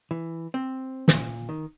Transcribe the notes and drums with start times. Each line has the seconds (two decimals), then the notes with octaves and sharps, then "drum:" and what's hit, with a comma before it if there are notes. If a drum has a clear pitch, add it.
0.11 E3
0.54 C4
1.08 A#2, drum: snare
1.49 D#3